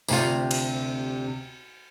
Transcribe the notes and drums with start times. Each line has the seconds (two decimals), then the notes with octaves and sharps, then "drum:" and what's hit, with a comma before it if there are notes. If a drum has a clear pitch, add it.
0.08 D2 C3 F4, drum: tambourine
0.51 drum: cymbal